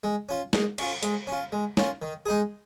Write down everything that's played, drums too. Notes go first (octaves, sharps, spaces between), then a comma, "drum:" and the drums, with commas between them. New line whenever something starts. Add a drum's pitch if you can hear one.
G#3
C#4 F4
G#3, drum: snare
C#4 F4, drum: cymbal
G#3, drum: hi-hat
C#4 F4
G#3
C#4 F4, drum: snare
D#3
G#3 D#4 G#4